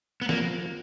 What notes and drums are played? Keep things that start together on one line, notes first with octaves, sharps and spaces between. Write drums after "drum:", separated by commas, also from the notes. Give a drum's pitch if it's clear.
B3
F3 A#3, drum: snare